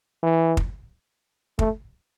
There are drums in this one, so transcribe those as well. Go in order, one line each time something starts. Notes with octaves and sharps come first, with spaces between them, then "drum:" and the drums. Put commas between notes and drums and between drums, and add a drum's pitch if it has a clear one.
E3
drum: kick
A3, drum: kick